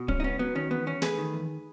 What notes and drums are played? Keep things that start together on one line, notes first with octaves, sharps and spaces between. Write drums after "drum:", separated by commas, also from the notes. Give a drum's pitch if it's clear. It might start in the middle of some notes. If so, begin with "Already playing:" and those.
Already playing: B2
C#2 C#4, drum: kick D1
D#4
B3 C#4
F#3 B3
D#3 C#4
E2 B3
E2 C#4
A3 G#4 B4, drum: snare
D#3
E2